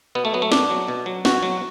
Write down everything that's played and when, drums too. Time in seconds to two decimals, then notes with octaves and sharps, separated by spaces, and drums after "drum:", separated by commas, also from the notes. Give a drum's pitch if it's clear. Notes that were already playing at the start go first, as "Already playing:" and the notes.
0.15 B2 B3
0.25 A3
0.34 F#3 B3
0.42 A3
0.52 B2 D4, drum: snare
0.70 F#3
0.88 B2
1.06 F#3
1.25 B2 F#4, drum: snare
1.43 F#3